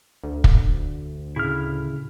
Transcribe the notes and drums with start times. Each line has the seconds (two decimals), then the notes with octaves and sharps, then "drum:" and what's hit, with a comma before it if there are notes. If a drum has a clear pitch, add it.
0.24 D2
0.44 drum: kick
1.36 A2 C#3 E4 F6